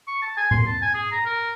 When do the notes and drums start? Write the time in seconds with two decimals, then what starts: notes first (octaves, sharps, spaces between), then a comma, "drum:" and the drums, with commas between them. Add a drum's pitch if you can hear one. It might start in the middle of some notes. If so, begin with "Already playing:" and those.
0.08 C#6
0.22 A5
0.37 G#5
0.51 C6, drum: tom A2
0.66 A5
0.82 G#5
0.94 G#4
1.11 A#5
1.26 A#4